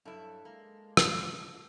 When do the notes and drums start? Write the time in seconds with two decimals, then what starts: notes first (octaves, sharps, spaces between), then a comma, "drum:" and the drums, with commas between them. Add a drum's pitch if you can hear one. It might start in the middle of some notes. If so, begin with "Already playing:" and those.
0.05 G2 F#3 E4 A4
0.45 G#3 A#3
0.97 drum: rim click